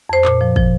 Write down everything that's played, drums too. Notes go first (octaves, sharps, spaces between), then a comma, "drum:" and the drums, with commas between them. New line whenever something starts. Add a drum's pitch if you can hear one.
F2 C5
A#2, drum: clap
F3
F3, drum: kick